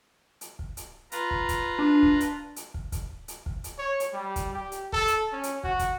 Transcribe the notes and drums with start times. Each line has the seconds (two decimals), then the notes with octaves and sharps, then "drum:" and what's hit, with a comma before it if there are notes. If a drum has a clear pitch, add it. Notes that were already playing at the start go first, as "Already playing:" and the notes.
0.41 drum: hi-hat
0.59 drum: kick
0.77 drum: hi-hat
1.12 F4 B4 A#5, drum: hi-hat
1.31 drum: kick
1.49 drum: kick, hi-hat
1.79 D4
2.03 drum: kick
2.20 drum: hi-hat
2.56 drum: hi-hat
2.74 drum: kick
2.92 drum: kick, hi-hat
3.28 drum: hi-hat
3.46 drum: kick
3.64 drum: hi-hat
3.78 C#5
4.00 drum: hi-hat
4.13 G3
4.36 drum: kick, hi-hat
4.54 G4
4.72 drum: hi-hat
4.92 A4, drum: kick
5.08 drum: hi-hat
5.32 C#4
5.43 drum: hi-hat
5.64 F#4, drum: kick
5.79 drum: kick, hi-hat